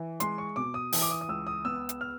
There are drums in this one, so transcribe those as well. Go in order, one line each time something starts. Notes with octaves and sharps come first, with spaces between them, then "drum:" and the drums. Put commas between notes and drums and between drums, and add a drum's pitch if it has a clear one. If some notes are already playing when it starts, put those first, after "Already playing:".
Already playing: E3
G#3 C6, drum: hi-hat
C#6
B2 D6
D#6
E3, drum: open hi-hat
D6
D#6
D#6
C#2 E6
D#6
B3 E6
drum: hi-hat
F6